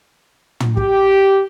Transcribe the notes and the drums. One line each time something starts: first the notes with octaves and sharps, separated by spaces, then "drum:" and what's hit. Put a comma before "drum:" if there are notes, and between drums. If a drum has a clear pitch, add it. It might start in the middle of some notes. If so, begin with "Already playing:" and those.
drum: tom
G4, drum: kick